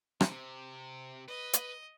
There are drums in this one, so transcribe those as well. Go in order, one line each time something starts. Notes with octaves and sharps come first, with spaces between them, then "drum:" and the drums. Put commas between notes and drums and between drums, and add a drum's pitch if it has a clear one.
C3, drum: rim click
B4 D#5
drum: hi-hat